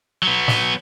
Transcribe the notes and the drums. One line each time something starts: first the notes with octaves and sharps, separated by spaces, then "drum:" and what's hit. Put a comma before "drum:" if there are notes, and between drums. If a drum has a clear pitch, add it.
F#3 B3
drum: snare